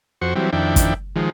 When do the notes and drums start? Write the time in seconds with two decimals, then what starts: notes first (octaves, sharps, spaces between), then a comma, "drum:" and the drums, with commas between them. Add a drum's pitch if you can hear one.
0.21 F2 F#4 C5 C#6
0.36 E3 F#3 G3 C4
0.53 F2 D#3 D4 E4 G5
0.76 drum: kick, hi-hat
1.16 D#3 F3 G#3